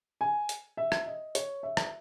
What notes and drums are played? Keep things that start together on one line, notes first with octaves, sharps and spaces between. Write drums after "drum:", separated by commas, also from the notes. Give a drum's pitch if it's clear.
G#5
drum: hi-hat
E5
drum: rim click
D#5
C#5, drum: hi-hat
E5
drum: rim click